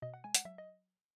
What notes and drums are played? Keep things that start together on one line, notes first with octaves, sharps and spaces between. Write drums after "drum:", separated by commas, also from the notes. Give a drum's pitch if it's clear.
B2 D#5
F#5
G#3 G#5
F#5, drum: hi-hat
F#3 E5
D#5